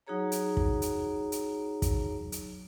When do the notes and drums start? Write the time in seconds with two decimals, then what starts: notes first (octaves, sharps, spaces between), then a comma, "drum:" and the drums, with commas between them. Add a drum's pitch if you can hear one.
0.07 F#3 D#4 F#4 G#4 C#5 A#5
0.32 drum: hi-hat
0.57 drum: kick
0.82 drum: hi-hat
1.32 drum: hi-hat
1.82 drum: kick, hi-hat
2.32 drum: hi-hat